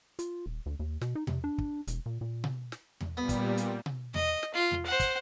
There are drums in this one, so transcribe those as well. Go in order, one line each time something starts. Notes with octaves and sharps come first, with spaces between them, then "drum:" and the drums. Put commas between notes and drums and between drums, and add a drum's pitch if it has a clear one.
F4, drum: hi-hat
D#1
D2
D#2
B2, drum: snare
D#4
C3, drum: tom E2
D4
drum: kick
E1, drum: hi-hat
A#2
A#2
drum: tom B2
drum: snare
drum: tom E2
A#2 G3 B3
drum: kick, hi-hat
drum: hi-hat
drum: tom B2
D#5, drum: tom E2
drum: snare
F4
drum: tom E2
C5 F#5
drum: kick, hi-hat